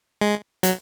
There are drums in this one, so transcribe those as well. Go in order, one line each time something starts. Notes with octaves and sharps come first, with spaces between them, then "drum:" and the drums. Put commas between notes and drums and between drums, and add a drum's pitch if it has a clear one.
G#3
F#3, drum: hi-hat